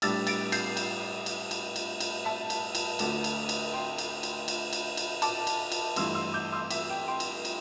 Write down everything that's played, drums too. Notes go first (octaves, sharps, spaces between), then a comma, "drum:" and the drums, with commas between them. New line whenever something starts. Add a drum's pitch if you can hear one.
A2 G3 D4 E6 A6, drum: cymbal
A6 D7, drum: cymbal
G6 C7, drum: cymbal
drum: cymbal
drum: cymbal
drum: cymbal
drum: cymbal
drum: cymbal
E5 A5
drum: cymbal
drum: cymbal
D2 D3 A3, drum: cymbal
drum: cymbal
drum: cymbal
G5 C6
drum: cymbal
drum: cymbal
drum: cymbal
drum: cymbal
drum: cymbal
A5 D6, drum: cymbal
drum: cymbal
drum: cymbal
G2 E3 A3 C6 E6, drum: cymbal
C6 E6
D6 G6
C6 E6
E5, drum: cymbal
G5
G5 C6
drum: cymbal
drum: cymbal